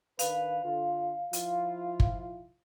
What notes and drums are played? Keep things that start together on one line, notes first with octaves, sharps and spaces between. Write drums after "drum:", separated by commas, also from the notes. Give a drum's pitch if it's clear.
D#3 D4 B4 F5, drum: hi-hat
D3 F4
F3 E4 F4, drum: hi-hat
drum: kick